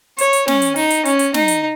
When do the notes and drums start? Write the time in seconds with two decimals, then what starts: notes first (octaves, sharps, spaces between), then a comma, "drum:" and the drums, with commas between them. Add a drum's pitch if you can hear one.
0.18 C#5, drum: hi-hat
0.33 drum: hi-hat
0.48 C#4, drum: snare
0.62 drum: hi-hat
0.76 D#4, drum: open hi-hat
0.90 drum: hi-hat
1.05 C#4, drum: hi-hat
1.19 drum: hi-hat
1.34 D#4, drum: snare
1.48 drum: hi-hat